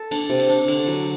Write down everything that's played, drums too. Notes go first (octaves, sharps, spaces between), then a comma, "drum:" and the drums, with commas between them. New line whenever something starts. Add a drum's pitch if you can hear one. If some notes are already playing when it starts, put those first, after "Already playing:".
Already playing: A4
D4, drum: cymbal
C3
drum: cymbal
D4
D3, drum: cymbal
F#3